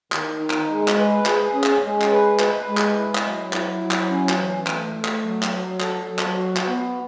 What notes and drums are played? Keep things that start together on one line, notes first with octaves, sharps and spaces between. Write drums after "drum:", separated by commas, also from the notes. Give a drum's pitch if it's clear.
D#3, drum: clap
D#4
drum: clap
G#3
drum: clap
B4
G#4, drum: clap
C#4
drum: clap
G#3
drum: clap
B4
B4, drum: clap
G#3
drum: clap
E4
drum: clap
F#3
E4, drum: clap
F#3
drum: clap
C#4
drum: clap
E3
A3, drum: clap
A3
drum: clap
F#3
drum: clap
F#3
A4, drum: clap
F#3
drum: clap
F#4
drum: clap
B3